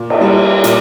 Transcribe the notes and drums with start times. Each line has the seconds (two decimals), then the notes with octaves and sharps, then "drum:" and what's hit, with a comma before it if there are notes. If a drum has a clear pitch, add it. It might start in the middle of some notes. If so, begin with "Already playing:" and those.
Already playing: A#2
0.10 drum: cymbal
0.21 G3
0.64 A#2, drum: hi-hat